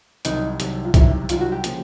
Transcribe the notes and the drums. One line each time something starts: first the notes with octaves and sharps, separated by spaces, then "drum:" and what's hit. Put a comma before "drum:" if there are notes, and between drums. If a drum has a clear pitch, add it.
C2 C3 D#3 F#3 D#4, drum: hi-hat
C2 C3 D#3 F#3, drum: hi-hat
F4
C2 C3 D#3 F#3 E4, drum: kick C2, hi-hat
C2 C3 D#3 F#3 F4, drum: hi-hat
F#4
G4
C#3 F3 A#3, drum: hi-hat